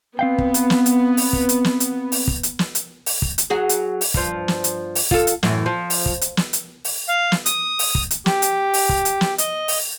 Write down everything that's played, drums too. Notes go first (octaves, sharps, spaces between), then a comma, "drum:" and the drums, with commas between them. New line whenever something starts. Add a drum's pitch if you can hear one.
B3 C4 F5 G5
drum: kick
drum: hi-hat
drum: snare
drum: hi-hat
drum: open hi-hat
drum: kick
drum: hi-hat
drum: snare
drum: hi-hat
drum: open hi-hat
drum: kick
drum: hi-hat
drum: snare
drum: hi-hat
drum: open hi-hat
drum: kick
drum: hi-hat
F#3 F#4 G#4
drum: hi-hat
drum: open hi-hat
G2 F3, drum: kick
drum: snare
drum: hi-hat
drum: open hi-hat
F4 A4, drum: kick
drum: hi-hat
F#2 A2 E3, drum: snare
F3
drum: open hi-hat
drum: kick
drum: hi-hat
drum: snare
drum: hi-hat
drum: open hi-hat
F5
drum: snare
D#6, drum: hi-hat
drum: open hi-hat
drum: kick
drum: hi-hat
G4, drum: snare
drum: hi-hat
drum: open hi-hat
drum: kick
drum: hi-hat
drum: snare
D#5, drum: hi-hat
drum: open hi-hat